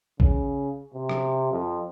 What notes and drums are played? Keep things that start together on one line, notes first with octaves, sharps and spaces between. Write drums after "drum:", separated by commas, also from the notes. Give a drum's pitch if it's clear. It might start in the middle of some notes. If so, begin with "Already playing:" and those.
C#3, drum: kick A1
C3
drum: rim click
F2